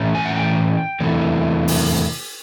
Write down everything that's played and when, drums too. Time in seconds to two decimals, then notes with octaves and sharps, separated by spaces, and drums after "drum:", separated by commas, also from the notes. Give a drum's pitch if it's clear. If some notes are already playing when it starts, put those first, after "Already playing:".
Already playing: A2 E3 A3 C#4
0.15 G#5
0.26 F#5
0.36 G5
1.00 E2 C3 E3 A3
1.68 drum: open hi-hat